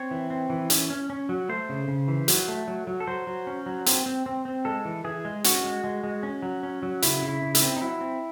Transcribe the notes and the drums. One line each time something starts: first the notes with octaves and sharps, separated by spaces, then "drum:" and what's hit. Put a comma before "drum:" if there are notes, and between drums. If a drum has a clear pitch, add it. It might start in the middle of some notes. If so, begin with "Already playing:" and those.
Already playing: C4 C#5
E3
C4
E3
C#4, drum: hi-hat
C#4
C#4
F#3
A3 C5
C#3
C#3
E3
F#3, drum: hi-hat
A3
F#3
F#3
A4
F#3 C5
F#3
C#4
F#3
C4, drum: hi-hat
C4
C4
C4
G#3 A4
E3
E3 G#4
G#3
C#4 F#4, drum: hi-hat
G#3
G#3
G#3
C#4
F#3
C#4
F#3
C#3 E4, drum: hi-hat
C#3
E4
C#3
E4, drum: hi-hat
C4
D#4
F#3 E4
C4